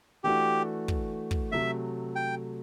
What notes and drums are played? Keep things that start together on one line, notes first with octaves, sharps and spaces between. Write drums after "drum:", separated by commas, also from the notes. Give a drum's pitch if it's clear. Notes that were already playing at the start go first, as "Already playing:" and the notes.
E3 A3 D4 F#4 G4
drum: kick
drum: kick
C3 F#3 A3 E5
G5